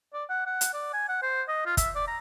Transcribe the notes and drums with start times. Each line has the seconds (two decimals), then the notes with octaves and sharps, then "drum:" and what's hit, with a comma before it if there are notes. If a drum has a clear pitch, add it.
0.14 D5
0.29 F#5
0.46 F#5
0.61 drum: hi-hat
0.73 D5
0.93 G#5
1.09 F#5
1.22 C5
1.48 D#5
1.66 F4
1.77 E5, drum: kick, hi-hat
1.95 D5
2.08 A#5